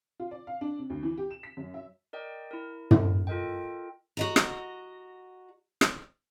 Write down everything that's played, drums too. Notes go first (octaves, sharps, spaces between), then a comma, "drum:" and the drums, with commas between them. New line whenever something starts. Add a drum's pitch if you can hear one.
F4
D5
F5
D4
C3
D2
E3
G4
E7
B6
F#2
E5
A#4 D5 D#5 G5
E4 A#4
drum: tom
F4 A4 A#4 D#5 G5
F#4 D#5 A#5
drum: rim click
drum: rim click